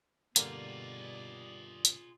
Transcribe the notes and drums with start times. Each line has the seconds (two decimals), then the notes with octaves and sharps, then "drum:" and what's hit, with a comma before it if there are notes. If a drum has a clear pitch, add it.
0.36 G2 B2 D3 G3 A#3 F4 G#4 D5, drum: hi-hat
1.85 drum: hi-hat